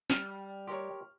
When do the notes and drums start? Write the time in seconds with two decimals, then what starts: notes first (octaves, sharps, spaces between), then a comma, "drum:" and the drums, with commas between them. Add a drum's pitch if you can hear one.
0.10 G3 F6, drum: snare
0.68 G4 A#4 C#5 C6 C#6